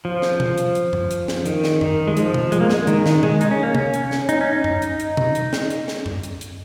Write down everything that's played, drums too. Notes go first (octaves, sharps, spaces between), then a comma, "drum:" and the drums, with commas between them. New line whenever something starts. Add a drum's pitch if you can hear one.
F3
drum: snare
drum: tom B2
drum: hi-hat
drum: hi-hat
drum: tom F#2
drum: hi-hat
drum: snare
D#3, drum: hi-hat
drum: snare
D#3, drum: tom F#2
G#3
F3, drum: hi-hat
drum: tom B2
G#3, drum: hi-hat
A#3
G#3, drum: snare
D#3, drum: hi-hat
D#3, drum: snare
G#3, drum: tom B2
D#4, drum: hi-hat
C#4
A#3
C#4, drum: tom C3
drum: hi-hat
drum: snare
D#4, drum: hi-hat
C#4
D#4
drum: tom F#2
drum: hi-hat
drum: hi-hat
drum: tom B2
drum: hi-hat
drum: snare
drum: hi-hat
drum: snare
drum: tom F#2
drum: hi-hat
drum: hi-hat